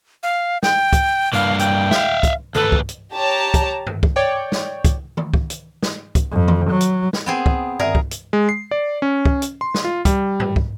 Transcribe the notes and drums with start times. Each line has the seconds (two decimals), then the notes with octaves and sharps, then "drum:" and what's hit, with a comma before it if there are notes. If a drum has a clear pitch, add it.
0.23 F5
0.63 G5, drum: snare
0.93 drum: kick, hi-hat
1.33 G2 A#3 F5
1.59 G5, drum: hi-hat
1.91 E5 F5, drum: snare
2.23 drum: kick, hi-hat
2.55 D2 A4 B4, drum: tom G2
2.72 drum: kick
2.89 drum: hi-hat
3.15 G4 C#5 A5 A#5
3.54 drum: kick, hi-hat
3.87 drum: tom G2
4.03 drum: kick
4.16 C#5 D5 G5
4.52 drum: snare
4.85 drum: kick, hi-hat
5.17 drum: tom D#3
5.34 drum: kick
5.50 drum: hi-hat
5.83 drum: snare
6.15 drum: kick, hi-hat
6.32 F2
6.48 drum: tom D#3
6.70 F#3
6.80 drum: hi-hat
7.13 drum: snare
7.26 B3 C4 G#4
7.46 drum: kick
7.79 G#4 A#4 D5 E5, drum: tom G2
7.95 drum: kick
8.11 drum: hi-hat
8.33 G#3
8.49 C7
8.71 D5
9.02 C#4
9.25 drum: kick
9.42 drum: hi-hat
9.61 C6
9.74 drum: snare
9.84 F4
10.05 G3, drum: kick, hi-hat
10.40 drum: tom G2
10.56 drum: kick